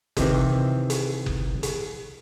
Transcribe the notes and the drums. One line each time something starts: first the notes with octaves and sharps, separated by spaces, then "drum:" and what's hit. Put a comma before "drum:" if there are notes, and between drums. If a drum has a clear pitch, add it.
C3 D#3 E3 C4, drum: kick F#1, hi-hat
drum: hi-hat
drum: kick F#1
drum: hi-hat